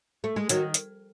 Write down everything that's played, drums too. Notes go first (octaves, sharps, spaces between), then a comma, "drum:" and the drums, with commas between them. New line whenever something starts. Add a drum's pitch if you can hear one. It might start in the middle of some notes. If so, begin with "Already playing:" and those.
A3
G#3
D#3 F#3, drum: hi-hat
drum: hi-hat